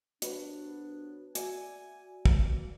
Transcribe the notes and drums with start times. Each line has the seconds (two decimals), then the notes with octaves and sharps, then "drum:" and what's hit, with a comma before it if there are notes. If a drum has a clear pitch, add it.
0.22 C2 B3 D4 F#4 B4 C#5, drum: hi-hat
1.35 F#4 D5 E5 G#5, drum: hi-hat
2.26 E3 A#3, drum: kick